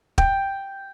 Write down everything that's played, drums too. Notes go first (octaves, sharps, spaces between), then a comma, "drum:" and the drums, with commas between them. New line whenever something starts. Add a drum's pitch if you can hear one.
G5, drum: kick